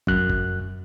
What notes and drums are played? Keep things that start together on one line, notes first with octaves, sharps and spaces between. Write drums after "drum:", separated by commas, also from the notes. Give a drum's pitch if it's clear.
F#2 F#6, drum: kick
drum: kick